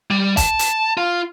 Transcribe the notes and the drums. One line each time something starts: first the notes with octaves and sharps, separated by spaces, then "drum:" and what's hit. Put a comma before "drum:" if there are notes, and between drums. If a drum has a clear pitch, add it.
G3
A5, drum: kick, hi-hat
drum: hi-hat
F4